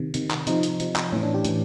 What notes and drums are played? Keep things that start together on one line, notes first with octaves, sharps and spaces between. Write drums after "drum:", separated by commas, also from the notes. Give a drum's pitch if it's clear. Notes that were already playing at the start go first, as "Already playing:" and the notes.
Already playing: C3 D#3
C3 D#3, drum: hi-hat
drum: clap
C3 F3 D#4, drum: hi-hat
drum: hi-hat
C3 F3, drum: hi-hat
drum: clap
A2 E3 C#4
D4
G4
A2 E3, drum: hi-hat